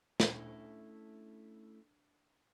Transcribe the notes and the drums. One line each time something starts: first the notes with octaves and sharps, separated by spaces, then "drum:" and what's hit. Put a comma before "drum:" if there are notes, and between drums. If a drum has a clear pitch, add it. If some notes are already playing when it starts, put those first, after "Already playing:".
A3 C#4 D4 E4 B5, drum: snare